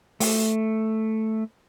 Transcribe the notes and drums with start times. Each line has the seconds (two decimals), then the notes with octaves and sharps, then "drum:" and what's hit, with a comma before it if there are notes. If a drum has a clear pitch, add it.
0.20 A3, drum: open hi-hat